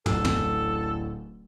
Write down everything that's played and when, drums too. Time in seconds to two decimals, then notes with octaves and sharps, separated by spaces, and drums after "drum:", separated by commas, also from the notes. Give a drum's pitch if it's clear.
0.06 D1 A1 A4, drum: tom
0.25 drum: tom